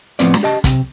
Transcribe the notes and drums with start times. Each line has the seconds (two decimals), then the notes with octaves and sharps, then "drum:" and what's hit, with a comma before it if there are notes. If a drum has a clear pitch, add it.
0.19 A2 F3 B3 C4 D5, drum: hi-hat
0.34 drum: snare
0.43 G4 D#5 A5
0.64 C3, drum: kick, hi-hat